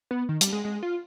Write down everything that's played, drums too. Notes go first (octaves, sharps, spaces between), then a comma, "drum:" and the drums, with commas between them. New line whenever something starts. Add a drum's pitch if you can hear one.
B3
D#3
G3, drum: hi-hat
G#3
G#3
F4